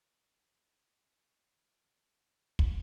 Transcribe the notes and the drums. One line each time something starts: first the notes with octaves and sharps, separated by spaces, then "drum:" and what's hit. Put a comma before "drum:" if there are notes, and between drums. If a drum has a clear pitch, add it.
G#5
F#4
D#3
G1
A5
drum: kick